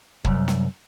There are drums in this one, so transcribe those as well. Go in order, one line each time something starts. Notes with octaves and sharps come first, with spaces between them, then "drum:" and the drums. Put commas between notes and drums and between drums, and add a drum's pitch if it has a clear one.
C2 F#2, drum: kick
drum: snare